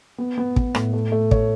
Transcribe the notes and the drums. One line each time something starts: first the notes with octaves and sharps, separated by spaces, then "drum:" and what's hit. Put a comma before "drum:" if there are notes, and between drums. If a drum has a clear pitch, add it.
B3
B3
B3, drum: kick
A2, drum: rim click
A3
A3
C#5, drum: kick